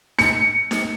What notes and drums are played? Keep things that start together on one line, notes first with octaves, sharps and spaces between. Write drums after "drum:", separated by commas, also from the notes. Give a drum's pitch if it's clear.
C#7, drum: snare D#4
drum: snare D#4